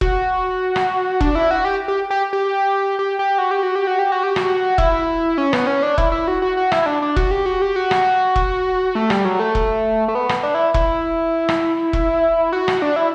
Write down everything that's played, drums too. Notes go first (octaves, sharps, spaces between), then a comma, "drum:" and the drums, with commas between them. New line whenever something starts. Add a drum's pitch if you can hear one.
F#4, drum: kick E1
drum: rim click
D4, drum: kick E1
E4
F#4
G4
G4
G4
G4
G4
G4
F#4
G4
F#4
G4
F#4
G4
F#4
G4
F#4, drum: rim click
E4, drum: kick E1
C#4
B3, drum: rim click
C#4
D4
E4, drum: kick E1
E4
F#4
F#4
F#4
E4, drum: rim click
E4
D4
D4
F#4, drum: kick E1
G4
F#4
G4
F#4
drum: rim click
drum: kick E1
A3
G3, drum: rim click
F#3
A3
drum: kick E1
A3
B3
drum: rim click
D4
E4
E4, drum: kick E1
drum: rim click
drum: kick E1
F#4
drum: rim click
D4
E4